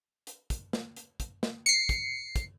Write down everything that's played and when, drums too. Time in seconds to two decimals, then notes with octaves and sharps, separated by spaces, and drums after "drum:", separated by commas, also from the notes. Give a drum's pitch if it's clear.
0.27 drum: hi-hat
0.50 drum: kick, hi-hat
0.73 drum: snare
0.97 drum: hi-hat
1.20 drum: kick, hi-hat
1.43 drum: snare
1.66 C7 C#7, drum: hi-hat
1.89 drum: kick, hi-hat
2.36 drum: kick, hi-hat